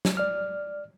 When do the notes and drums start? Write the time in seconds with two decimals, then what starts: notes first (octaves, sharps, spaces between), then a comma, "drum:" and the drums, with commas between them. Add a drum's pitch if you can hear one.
0.05 drum: snare
0.17 D5 F6